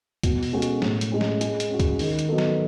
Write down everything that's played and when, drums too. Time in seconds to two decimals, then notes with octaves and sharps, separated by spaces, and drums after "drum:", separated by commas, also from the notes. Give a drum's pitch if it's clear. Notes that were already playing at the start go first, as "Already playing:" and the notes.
0.23 B2, drum: kick C#2, hi-hat
0.43 drum: open hi-hat
0.53 G#3 C#4 F#4 A4
0.62 drum: hi-hat
0.82 A2, drum: snare
1.01 drum: hi-hat
1.12 G#3 C#4
1.21 drum: snare
1.41 G#3, drum: hi-hat
1.60 drum: hi-hat
1.70 C#4 F#4
1.80 drum: kick C#2, hi-hat
1.99 D#3, drum: open hi-hat
2.19 drum: hi-hat
2.29 F#3 B3 D#4 A4
2.38 drum: snare